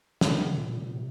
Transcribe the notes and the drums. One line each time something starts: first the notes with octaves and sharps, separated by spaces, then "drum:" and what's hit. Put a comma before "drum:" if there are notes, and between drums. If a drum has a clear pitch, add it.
C#3, drum: snare
D#3
C#3
A#2
A#2
A#2
C3